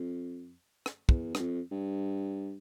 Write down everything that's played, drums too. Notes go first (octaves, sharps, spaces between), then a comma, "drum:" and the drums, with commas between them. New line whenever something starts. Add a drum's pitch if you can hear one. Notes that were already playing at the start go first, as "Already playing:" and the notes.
Already playing: F2
drum: rim click
E2, drum: kick
G2, drum: rim click
F2
G2